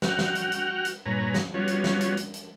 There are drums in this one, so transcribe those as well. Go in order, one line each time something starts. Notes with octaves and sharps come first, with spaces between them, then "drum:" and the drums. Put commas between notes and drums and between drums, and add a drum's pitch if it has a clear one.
F#4 F#5 G5 F6, drum: snare
drum: snare
drum: hi-hat
drum: hi-hat
drum: hi-hat
G2 A#2 B4 C#5 G#5 A#5
drum: snare
G3 B3 C#4 F4 F#4 C#5
drum: hi-hat
drum: snare
drum: hi-hat
drum: hi-hat
drum: hi-hat